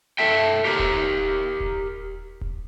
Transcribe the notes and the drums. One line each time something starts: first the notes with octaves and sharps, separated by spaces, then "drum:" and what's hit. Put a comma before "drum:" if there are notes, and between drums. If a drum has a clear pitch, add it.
A4 E5 G5
G4 A#4
drum: kick D#1
drum: kick D#1
drum: kick D#1